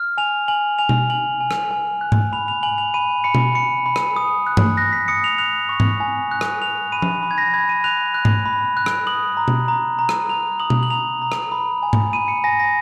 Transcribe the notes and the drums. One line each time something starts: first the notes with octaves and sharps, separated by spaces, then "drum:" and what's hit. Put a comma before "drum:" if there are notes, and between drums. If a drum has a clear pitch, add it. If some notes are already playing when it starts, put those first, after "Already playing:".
Already playing: F6
G#5 F7
G#5 F#7
G#5 F7
drum: tom B2
G#5 F#7
G#5
drum: rim click
G#5
F#6
drum: tom G#2
B5 F7
F7
G#5 F#7
F7
B5 D#7
B5 C#7
drum: tom B2
B5 C#7
B5
drum: rim click
D#6
F#6
drum: tom G2
F#6 A#6
B6
D#6 C#7
F7
F#6 F7
C#6
drum: tom G#2
G#5
F#6
drum: rim click
F#6 F7
B5 D#7
drum: tom F3
B5
G#6
A#6
B5 G#6
D#7
F#6 F7
F#6
drum: tom G#2
B5
F#6
drum: rim click
D#6 F#7
A#5
drum: tom B2
A#5
A#5
drum: rim click
A#5 F7
D#6 F#7
drum: tom B2
F#7
A#5 F7
A#5
drum: rim click
B5
G#5
drum: tom G#2
B5 D#7
C#7
G#5 A#6
A#6